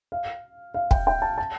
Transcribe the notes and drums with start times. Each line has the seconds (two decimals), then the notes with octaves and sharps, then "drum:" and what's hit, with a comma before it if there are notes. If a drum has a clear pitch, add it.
0.12 F5
0.74 F5
0.91 G5, drum: kick
1.07 G5
1.22 A5
1.38 A5